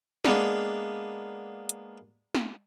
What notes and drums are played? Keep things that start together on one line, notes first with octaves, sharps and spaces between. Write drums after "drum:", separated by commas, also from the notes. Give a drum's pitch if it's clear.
G#3 A#3 B3 D4, drum: snare
drum: hi-hat
drum: snare